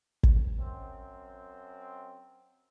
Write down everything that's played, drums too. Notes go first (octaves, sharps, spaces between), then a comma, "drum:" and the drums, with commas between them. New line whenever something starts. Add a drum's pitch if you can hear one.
drum: kick
F#2 C4